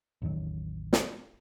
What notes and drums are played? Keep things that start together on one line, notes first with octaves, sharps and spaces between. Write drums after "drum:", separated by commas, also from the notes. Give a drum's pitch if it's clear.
A1 E2 D#3 F#3
drum: snare